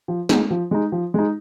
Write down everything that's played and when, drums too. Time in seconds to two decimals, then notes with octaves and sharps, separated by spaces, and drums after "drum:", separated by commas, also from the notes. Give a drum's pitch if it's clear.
0.08 F3
0.29 G#3 D#4, drum: snare
0.51 F3
0.71 G#3 D#4
0.92 F3
1.14 G#3 D#4